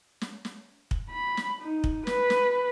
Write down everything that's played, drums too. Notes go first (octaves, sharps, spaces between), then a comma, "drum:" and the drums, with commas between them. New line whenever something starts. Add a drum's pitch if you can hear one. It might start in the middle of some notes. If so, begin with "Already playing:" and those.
drum: snare
drum: snare
drum: kick
B5
drum: snare
D#4
drum: kick
B4, drum: snare
drum: snare